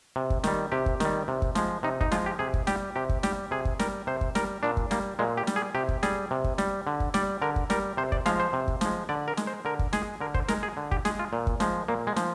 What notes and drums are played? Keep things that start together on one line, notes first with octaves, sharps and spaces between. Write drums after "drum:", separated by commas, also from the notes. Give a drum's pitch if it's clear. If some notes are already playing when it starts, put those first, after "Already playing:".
C3
drum: kick
D#3 G3, drum: snare
C3 G4
drum: kick
D#3 G3, drum: snare
C3
drum: kick
F3 G#3, drum: snare
C3 D#4
D#4, drum: kick
F3 G#3 F4, drum: snare
G4
C3 G#4
drum: kick
G3 G4, drum: snare
C3 G4
drum: kick
G3 G4, drum: snare
C3 G#4
drum: kick
G3 A#4, drum: snare
C3 C5
drum: kick
G3 A#4, drum: snare
A#2 D4
drum: kick
G3 A#3, drum: snare
A#2 G#3
G4
G3, drum: snare
G#4
C3 G4
drum: kick
G3 G#4, drum: snare
C3
drum: kick
G3, drum: snare
D3
drum: kick
G3 D5, drum: snare
D3 A#4
drum: kick
G3 A#4, drum: snare
C3 C5
D5, drum: kick
F3 G#3 F5, drum: snare
C5
C3
drum: kick
F3 G#3, drum: snare
D3 D5
A#4
G#3, drum: snare
C5
D3 A#4
drum: kick
G#3 G#4, drum: snare
D3 A#4
C5, drum: kick
G#3 A#4, drum: snare
G#4
D3
G4, drum: kick
G#3 G#4, drum: snare
F4
A#2
drum: kick
F3 G#3, drum: snare
A#2 A#3
G#3
F3, drum: snare